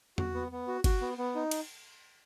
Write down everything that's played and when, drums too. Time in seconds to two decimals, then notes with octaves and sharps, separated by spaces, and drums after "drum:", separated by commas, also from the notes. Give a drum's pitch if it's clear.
0.18 F#4, drum: tom E2
0.34 B3
0.52 B3
0.68 F#4
0.84 F#4, drum: kick G1, cymbal
1.01 B3
1.18 B3
1.35 D#4
1.51 drum: cymbal